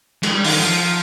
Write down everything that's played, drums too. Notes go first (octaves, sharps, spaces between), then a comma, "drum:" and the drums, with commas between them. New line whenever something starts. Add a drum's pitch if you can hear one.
G#3, drum: cymbal
G3
D#3, drum: open hi-hat
F3